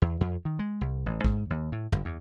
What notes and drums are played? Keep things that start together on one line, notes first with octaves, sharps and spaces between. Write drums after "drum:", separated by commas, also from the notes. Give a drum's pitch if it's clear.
E2
F2
D#3
G#3
C2
A1
G#2, drum: kick A1
D#2
A2
G1, drum: tom
E2